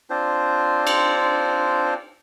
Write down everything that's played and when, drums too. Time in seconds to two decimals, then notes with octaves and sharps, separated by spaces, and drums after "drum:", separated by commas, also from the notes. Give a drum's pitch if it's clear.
0.10 C4 D4 F4 C5
0.87 drum: cymbal